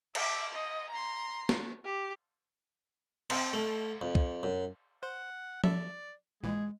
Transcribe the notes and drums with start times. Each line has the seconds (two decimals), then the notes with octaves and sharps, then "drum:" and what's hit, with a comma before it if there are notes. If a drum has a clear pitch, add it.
0.15 E5 D6, drum: cymbal
0.53 D#5
0.90 A#5 C6
1.49 drum: snare
1.84 G4
3.30 C4, drum: cymbal
3.53 A3
4.02 F2
4.15 drum: kick
4.43 F#2
5.03 C5 F#5
5.64 A4 D5 E5, drum: tom F3
6.43 A#1 A#2 E3 G#3 G#4